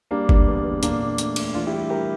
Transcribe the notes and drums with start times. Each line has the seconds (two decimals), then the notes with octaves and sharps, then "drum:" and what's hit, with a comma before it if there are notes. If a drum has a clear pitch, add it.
0.11 G3 A#3 D4
0.29 D3, drum: kick G1
0.47 E2
0.64 E2
0.83 A#2 A#3 D4, drum: hi-hat
1.01 A#2
1.18 A3, drum: hi-hat
1.36 A3, drum: cymbal
1.54 E3 D4 F4
1.67 E4 G4
1.73 G3
1.90 G3 G4 A#4